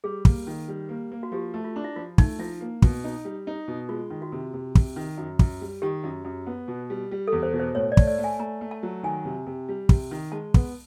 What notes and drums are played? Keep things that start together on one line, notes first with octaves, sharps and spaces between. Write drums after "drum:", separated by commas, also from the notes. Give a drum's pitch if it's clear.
G3 G#4
A#3, drum: kick
D#3
G3
A#3
A#3
F#4
F3 G4
A3
F4
D4
E4
F3 F4
A3 D#4, drum: kick
F3 E4
A#3
B2, drum: kick
D#4
G3
D#4
B2
G#3 F4
D#3
F#4
C3
C3
C3, drum: kick
D#3
F#2
F#2, drum: kick
G3
D#3 G4
F#2
F#2
B3
B2
G3
G3
E2 A4
C5
B2
C5
A2 C#5
D5
A3, drum: kick
D5
A3
G#5
A3 A#5
A3
A5
F#3
D#3 G#5
C3
C3
G3
C3, drum: kick
D#3
G#3 A5
B3, drum: kick